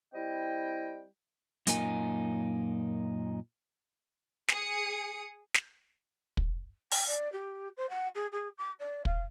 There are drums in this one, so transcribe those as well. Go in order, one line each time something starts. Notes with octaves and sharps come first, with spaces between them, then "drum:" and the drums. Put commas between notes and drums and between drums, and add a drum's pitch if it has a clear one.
G3 C4 E4 D#5 G5
F#2 A#2 A#3 D#4 G#5, drum: hi-hat
G#4 D#6 C#7, drum: snare
drum: snare
drum: kick
G5, drum: open hi-hat
D5
G4
C5
F#5
G#4
G#4
D6
D5
F5, drum: kick